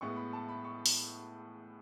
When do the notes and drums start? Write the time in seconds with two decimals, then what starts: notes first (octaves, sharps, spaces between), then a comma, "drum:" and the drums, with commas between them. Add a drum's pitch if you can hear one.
0.01 A2 G#3 B3 C#6
0.16 B5
0.33 A5
0.49 B5
0.64 C#6
0.86 drum: open hi-hat